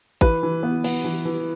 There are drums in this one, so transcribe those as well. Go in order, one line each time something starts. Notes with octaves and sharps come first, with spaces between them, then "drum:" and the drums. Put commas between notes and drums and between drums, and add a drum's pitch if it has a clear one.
E3 B4, drum: kick A1
E3
B3
B3, drum: cymbal
E3
E3